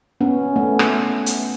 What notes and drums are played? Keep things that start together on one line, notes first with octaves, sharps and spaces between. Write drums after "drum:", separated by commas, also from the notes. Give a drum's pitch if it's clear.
B3 C#4
A3 B3
drum: rim click
drum: hi-hat